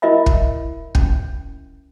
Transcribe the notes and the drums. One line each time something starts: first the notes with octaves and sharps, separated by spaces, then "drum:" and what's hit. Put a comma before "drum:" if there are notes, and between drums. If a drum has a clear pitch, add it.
E4 A#4 D#5 E5 B5
drum: kick
C#4, drum: kick